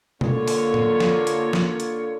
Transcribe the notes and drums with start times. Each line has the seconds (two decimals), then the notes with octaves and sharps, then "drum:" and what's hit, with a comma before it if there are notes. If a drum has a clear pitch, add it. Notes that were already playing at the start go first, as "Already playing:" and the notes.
0.21 D3 A#3 F4 C#5, drum: tom B2
0.48 drum: open hi-hat
0.74 drum: tom A2
1.00 drum: snare
1.27 drum: hi-hat
1.53 drum: snare
1.80 drum: hi-hat